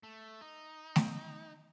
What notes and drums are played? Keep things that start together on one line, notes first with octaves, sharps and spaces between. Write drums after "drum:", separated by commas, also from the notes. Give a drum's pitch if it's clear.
A3
D#4
drum: snare A3